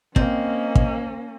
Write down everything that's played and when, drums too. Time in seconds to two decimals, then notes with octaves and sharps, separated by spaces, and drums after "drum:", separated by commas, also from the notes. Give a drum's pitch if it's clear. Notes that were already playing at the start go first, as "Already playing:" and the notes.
0.16 A#3 C4 C#4 D#5, drum: kick
0.75 drum: kick